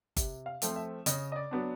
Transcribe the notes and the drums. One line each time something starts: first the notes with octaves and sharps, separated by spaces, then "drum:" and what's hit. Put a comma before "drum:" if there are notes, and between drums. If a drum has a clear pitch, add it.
C3, drum: kick G1, hi-hat
F5
F3 A3 C4, drum: hi-hat
E5
C#3 D#5, drum: hi-hat
D#5
D5
F#3 B3 D4